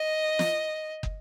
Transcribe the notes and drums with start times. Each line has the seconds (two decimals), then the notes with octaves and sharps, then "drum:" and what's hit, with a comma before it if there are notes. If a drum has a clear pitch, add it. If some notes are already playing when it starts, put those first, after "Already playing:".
Already playing: D#5
0.39 drum: snare
1.03 drum: kick